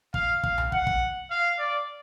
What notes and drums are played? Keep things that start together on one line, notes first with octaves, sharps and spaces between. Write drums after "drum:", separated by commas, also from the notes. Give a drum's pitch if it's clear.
F5, drum: kick
F5, drum: kick
drum: tom B1
F#5, drum: kick
drum: kick
F5
D5